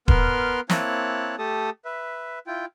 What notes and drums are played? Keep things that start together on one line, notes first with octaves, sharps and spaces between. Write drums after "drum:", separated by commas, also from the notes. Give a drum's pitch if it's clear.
B3 A#4 B4 C6 F6, drum: kick D#1
A#3 C4 E4 C#5 A5 F#6, drum: snare
A3 G4 A4 A5 D#6
B4 E5
E4 F4 G5